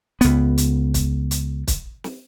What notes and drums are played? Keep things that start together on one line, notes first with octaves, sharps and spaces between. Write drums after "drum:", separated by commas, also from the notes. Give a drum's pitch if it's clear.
C#2 B3, drum: hi-hat
drum: hi-hat
drum: kick, hi-hat
drum: hi-hat
drum: kick, hi-hat
drum: snare